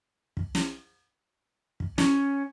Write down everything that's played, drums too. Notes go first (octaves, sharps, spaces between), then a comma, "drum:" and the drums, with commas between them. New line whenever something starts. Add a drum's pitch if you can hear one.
drum: kick
drum: snare
drum: kick
C#4, drum: snare